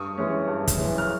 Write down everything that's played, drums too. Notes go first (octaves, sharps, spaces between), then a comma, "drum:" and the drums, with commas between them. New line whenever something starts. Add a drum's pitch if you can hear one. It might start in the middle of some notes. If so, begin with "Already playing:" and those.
Already playing: G2 C#6 D#6
E3 G#3 C#4
G2
drum: kick, hi-hat
E3 G#3 C#4
F6